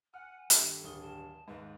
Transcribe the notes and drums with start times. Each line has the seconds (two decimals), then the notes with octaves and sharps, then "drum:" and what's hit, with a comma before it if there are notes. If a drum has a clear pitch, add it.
0.14 F#5 G#5 F6
0.50 G2 D#3 A4, drum: hi-hat
0.84 D1 D#6 G7
1.01 A5
1.48 D#2 G#2 B4